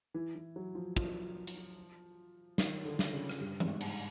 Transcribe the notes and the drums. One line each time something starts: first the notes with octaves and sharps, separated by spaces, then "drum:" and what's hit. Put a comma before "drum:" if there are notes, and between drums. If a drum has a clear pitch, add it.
E3
E3
F#3
F3
F3, drum: kick
drum: hi-hat
D#3, drum: snare
D3
drum: snare
C#3
drum: rim click
G2
G#2, drum: tom E3
G#2, drum: cymbal